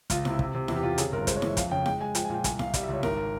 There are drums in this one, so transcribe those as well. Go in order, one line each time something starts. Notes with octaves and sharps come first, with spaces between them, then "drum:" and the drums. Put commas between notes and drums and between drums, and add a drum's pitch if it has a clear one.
C#2 F4, drum: kick, hi-hat
C3, drum: snare E4
E4
C3, drum: kick
C3
E2 E4, drum: snare E4
G4
C3 F4
C#3 G#4, drum: hi-hat
G1 A#4
G#3 C5, drum: kick, hi-hat
C#5
E3 E5, drum: snare E4
F2 F5, drum: kick, hi-hat
C#3 G5
G#3 G5, drum: snare E4
G#3 G#5
F3 G5, drum: hi-hat
G#5
A#2 G5
C2 G#5, drum: kick, hi-hat
C2 F5, drum: snare E4
G3 F5, drum: kick, hi-hat
E5
C#2
C#5
G#1 A#4, drum: snare E4